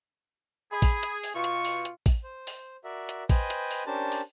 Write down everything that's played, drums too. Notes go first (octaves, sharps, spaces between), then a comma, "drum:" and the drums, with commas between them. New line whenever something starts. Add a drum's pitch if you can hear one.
G#4 B5
drum: kick A1, open hi-hat
drum: hi-hat
drum: open hi-hat
B2 F4 C#6
drum: hi-hat
drum: open hi-hat
drum: hi-hat
drum: kick A1, open hi-hat
C5
drum: open hi-hat
F#4 A#4 D5 E5
drum: hi-hat
B4 C5 D#5 G5 G#5, drum: kick A1, open hi-hat
drum: hi-hat
drum: open hi-hat
C#4 D4 G4 A#4 C5 A5
drum: open hi-hat